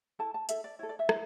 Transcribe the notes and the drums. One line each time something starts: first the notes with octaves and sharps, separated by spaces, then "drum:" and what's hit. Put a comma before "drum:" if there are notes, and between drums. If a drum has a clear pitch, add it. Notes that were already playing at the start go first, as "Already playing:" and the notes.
E4 A4 A5
A5
E4 A4 E5, drum: hi-hat
D5
E4 A4 C#5
D5
E5
E4, drum: rim click